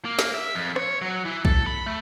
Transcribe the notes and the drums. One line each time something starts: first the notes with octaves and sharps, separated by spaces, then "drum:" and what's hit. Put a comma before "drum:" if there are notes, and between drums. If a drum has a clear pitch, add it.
A#3
drum: snare
E5
F2
C#5, drum: rim click
F#3
E3
A4, drum: kick B1
B5
A3